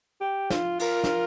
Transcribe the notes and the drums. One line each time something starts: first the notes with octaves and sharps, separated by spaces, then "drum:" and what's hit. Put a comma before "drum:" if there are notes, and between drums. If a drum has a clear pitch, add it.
G4
F4, drum: snare
F4 A#4, drum: cymbal
drum: snare